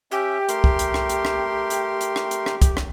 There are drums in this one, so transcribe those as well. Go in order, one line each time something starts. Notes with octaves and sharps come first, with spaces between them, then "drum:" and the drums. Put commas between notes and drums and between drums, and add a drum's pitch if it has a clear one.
C#4 G4 E5
A3 A#4 C6, drum: hi-hat
drum: kick C2
drum: hi-hat
drum: rim click
drum: hi-hat
drum: rim click
drum: hi-hat
drum: hi-hat
drum: rim click
drum: hi-hat
drum: rim click
drum: kick C2, hi-hat
drum: rim click